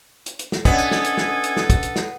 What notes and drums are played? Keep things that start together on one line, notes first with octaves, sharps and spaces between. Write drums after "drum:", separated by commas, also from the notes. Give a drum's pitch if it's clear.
drum: hi-hat
drum: hi-hat
drum: snare
B3 C#4 D4 A4 D#5 G#5 D#6, drum: kick, hi-hat
drum: hi-hat
drum: snare
drum: hi-hat
drum: snare
drum: hi-hat
drum: snare
drum: kick, hi-hat
drum: hi-hat
drum: snare